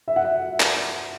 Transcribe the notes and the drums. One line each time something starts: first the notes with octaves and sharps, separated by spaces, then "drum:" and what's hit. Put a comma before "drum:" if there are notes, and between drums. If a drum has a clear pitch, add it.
E5
F#5
E5
drum: clap